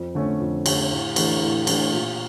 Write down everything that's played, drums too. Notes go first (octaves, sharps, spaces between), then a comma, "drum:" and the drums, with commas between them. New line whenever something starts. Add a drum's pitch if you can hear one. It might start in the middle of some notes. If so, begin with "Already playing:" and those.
Already playing: F2
D3 A3 C#4
F2
D3 A3 C#4, drum: cymbal
A2
E3 A3 D4, drum: cymbal
A2
E3 A3 D4, drum: cymbal
A#2